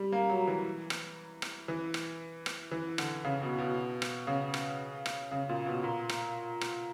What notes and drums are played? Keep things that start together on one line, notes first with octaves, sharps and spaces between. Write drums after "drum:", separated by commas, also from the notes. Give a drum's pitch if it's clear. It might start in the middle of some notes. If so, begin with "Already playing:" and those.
Already playing: G3
A#3
F#3
E3
drum: rim click
drum: rim click
E3
drum: rim click
drum: rim click
E3
D3, drum: rim click
C#3
B2
B2
drum: rim click
C#3
drum: rim click
drum: rim click
C#3
A#2
B2
A#2
drum: rim click
drum: rim click